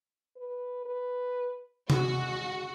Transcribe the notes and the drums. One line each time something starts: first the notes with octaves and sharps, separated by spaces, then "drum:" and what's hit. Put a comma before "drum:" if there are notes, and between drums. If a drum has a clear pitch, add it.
B4
B4
G#3 F#4, drum: tom C3